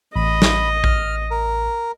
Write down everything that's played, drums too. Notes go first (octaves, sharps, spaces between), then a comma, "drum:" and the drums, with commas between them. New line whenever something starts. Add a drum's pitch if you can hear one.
A1 D#5 B5
drum: snare
F6, drum: kick A#1
A#4